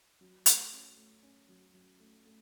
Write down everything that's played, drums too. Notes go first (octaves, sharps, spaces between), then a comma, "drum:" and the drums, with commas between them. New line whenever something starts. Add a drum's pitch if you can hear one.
F#3
A3, drum: hi-hat
C#4
A3
C#4
F#3
F#3
A3
A3